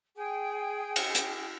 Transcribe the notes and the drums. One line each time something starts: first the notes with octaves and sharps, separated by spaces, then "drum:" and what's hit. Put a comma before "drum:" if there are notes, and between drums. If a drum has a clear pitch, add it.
G#4 G5
drum: cymbal
drum: hi-hat